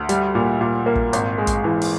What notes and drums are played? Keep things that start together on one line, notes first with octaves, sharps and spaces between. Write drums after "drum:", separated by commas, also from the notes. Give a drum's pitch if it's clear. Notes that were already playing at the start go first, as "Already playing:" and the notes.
Already playing: D2
G3, drum: hi-hat
A#2
A#2
A#3
drum: kick
G#1, drum: hi-hat
G#3
drum: kick, hi-hat
E3
drum: open hi-hat